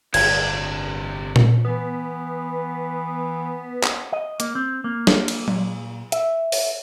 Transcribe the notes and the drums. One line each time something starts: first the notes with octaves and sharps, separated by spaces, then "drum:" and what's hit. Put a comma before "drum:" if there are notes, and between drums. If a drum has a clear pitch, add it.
G1 A2 C3 D4 G#6, drum: cymbal
drum: tom A#2
E3 B3
drum: clap
D#5
A#3, drum: hi-hat
C4
A#3
drum: snare
drum: cymbal
A#2, drum: tom F#3
E5, drum: hi-hat
drum: open hi-hat